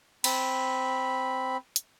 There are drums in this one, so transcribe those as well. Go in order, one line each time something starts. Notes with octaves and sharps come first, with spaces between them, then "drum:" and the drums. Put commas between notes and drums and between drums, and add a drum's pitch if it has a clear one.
C4 B5, drum: cymbal
drum: hi-hat